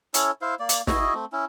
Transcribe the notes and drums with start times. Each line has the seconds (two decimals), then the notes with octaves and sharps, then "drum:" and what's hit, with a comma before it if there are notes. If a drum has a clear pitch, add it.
0.14 C#4 E4 A4 C#5, drum: hi-hat
0.42 E4 C5 F5
0.60 A#3 D5
0.69 drum: hi-hat
0.87 E4 F#4 G#4 D#5, drum: snare
1.14 A3 C4
1.32 C#4 E4